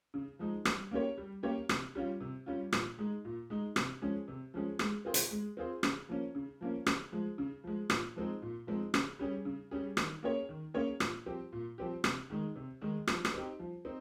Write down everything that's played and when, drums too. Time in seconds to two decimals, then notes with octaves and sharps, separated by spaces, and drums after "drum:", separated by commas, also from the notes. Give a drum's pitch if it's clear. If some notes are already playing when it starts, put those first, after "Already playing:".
0.14 C#3
0.39 F3 G#3 D#4
0.65 G3, drum: rim click
0.91 A#3 C#4 G4 C#5
1.18 G3
1.43 A#3 C#4 G4 C#5
1.69 C3, drum: rim click
1.95 G3 C#4 F4
2.21 C3
2.46 G3 C#4 F4
2.72 A#2, drum: rim click
2.99 G#3 D#4
3.25 A#2
3.50 G#3 D#4
3.76 C3, drum: rim click
4.02 F3 G#3 C#4 G#4
4.28 C3
4.54 F3 G#3 C#4 G#4
4.79 G#3, drum: rim click
5.05 C4 F4 G#4 C5
5.14 drum: hi-hat
5.31 G#3
5.57 C4 F4 G#4 C5
5.83 C#3, drum: rim click
6.09 F3 A#3 C#4
6.35 C#3
6.61 F3 A#3 C#4
6.86 C#3, drum: rim click
7.12 F3 G#3
7.38 C#3
7.64 F3 G#3
7.90 A#2, drum: rim click
8.16 F3 G#3 C4 D#4
8.42 A#2
8.67 F3 G#3 C4 D#4
8.94 C#3, drum: rim click
9.19 G3 C#4 G#4
9.45 C#3
9.71 G3 C#4 G#4
9.97 D#3, drum: rim click
10.23 A#3 C#4 G#4 C#5
10.49 D#3
10.74 A#3 C#4 G#4 C#5
11.00 A#2, drum: rim click
11.26 F3 C4 G4
11.52 A#2
11.78 F3 C4 G4
12.04 C3, drum: rim click
12.30 D#3 G#3 D#4
12.56 C3
12.81 D#3 G#3 D#4
13.07 F3, drum: rim click
13.25 drum: rim click
13.34 C4 D#4 G4
13.59 F3
13.85 C4 D#4